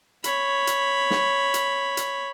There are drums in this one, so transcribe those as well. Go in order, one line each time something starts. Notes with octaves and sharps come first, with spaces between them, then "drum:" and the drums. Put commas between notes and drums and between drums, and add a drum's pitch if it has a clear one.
C#5 B5, drum: hi-hat
drum: hi-hat
drum: snare
drum: hi-hat
drum: hi-hat